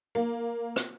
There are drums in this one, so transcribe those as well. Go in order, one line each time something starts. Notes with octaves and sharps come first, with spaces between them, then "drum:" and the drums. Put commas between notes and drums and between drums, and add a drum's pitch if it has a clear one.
A#3
drum: rim click